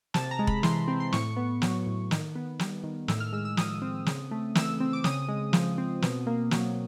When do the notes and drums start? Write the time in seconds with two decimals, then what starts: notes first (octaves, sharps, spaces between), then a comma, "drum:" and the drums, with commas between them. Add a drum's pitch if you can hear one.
0.14 C3 A5, drum: snare
0.31 A#5
0.39 G#3
0.47 B5, drum: kick E1
0.63 E3 C6, drum: snare
0.88 C4
1.00 C6
1.13 A2 C#6, drum: snare
1.36 B3
1.62 F#3, drum: snare
1.87 A2
2.11 D#3, drum: snare
2.35 B3
2.59 G3, drum: snare
2.84 D#3
3.08 A2 E6, drum: snare
3.20 F6
3.33 G#3 E6
3.45 E6
3.57 F3 D#6, drum: snare
3.82 C4
4.06 C#3, drum: snare
4.31 A3
4.55 E3 E6, drum: snare
4.80 C4
4.93 D6
5.04 C#3 D#6, drum: snare
5.28 G#3
5.53 F3, drum: snare
5.78 C4
6.02 B2, drum: snare
6.27 A#3
6.51 F#3, drum: snare